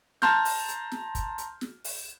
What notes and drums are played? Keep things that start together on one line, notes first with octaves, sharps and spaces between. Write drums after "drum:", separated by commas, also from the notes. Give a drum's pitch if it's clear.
A5 A#5 C6 F6 G6, drum: snare
drum: open hi-hat
drum: hi-hat
drum: snare
drum: kick, hi-hat
drum: hi-hat
drum: snare
drum: open hi-hat